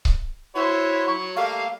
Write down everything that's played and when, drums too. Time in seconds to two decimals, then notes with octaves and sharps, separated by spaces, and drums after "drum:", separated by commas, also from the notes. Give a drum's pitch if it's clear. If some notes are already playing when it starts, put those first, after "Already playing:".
0.05 drum: kick C#1
0.55 E4 F#4 C5 C#5
1.08 F#3 C#6
1.36 G3 A3 A#3 F5